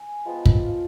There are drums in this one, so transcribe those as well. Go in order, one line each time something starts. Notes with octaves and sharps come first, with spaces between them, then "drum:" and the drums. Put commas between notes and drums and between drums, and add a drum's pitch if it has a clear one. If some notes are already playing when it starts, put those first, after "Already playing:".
Already playing: G#5
F3 G#3 B3 F4 G5
drum: kick
F5